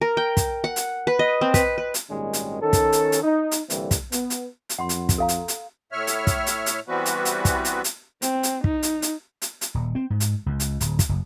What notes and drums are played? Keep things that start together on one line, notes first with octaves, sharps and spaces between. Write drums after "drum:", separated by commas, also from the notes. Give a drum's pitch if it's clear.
A#4
G5
drum: kick, hi-hat
F#5
drum: hi-hat
B4
D#5
C4
B4, drum: kick, hi-hat
B4
drum: hi-hat
G#1 A#2 D#3 G3 G#3 C#4
drum: hi-hat
D#3 C#4 A4
drum: kick, hi-hat
drum: hi-hat
drum: hi-hat
D#4
drum: hi-hat
C2 D3 E3 G3 A#3 C4, drum: hi-hat
drum: kick, hi-hat
B3, drum: hi-hat
drum: hi-hat
drum: hi-hat
F2 F#5 B5 C6
drum: hi-hat
drum: kick, hi-hat
A4 F5 A#5
drum: hi-hat
drum: hi-hat
A2 C#5 E5 F6
drum: hi-hat
drum: kick, hi-hat
drum: hi-hat
drum: hi-hat
E3 G3 B3 C4 F#4 B4
drum: hi-hat
drum: hi-hat
drum: kick, hi-hat
drum: hi-hat
drum: hi-hat
C4, drum: hi-hat
drum: hi-hat
D#4, drum: kick
drum: hi-hat
drum: hi-hat
drum: hi-hat
drum: hi-hat
D#1
C4
G#2
drum: hi-hat
C#2
drum: hi-hat
D1, drum: hi-hat
drum: kick, hi-hat
F#1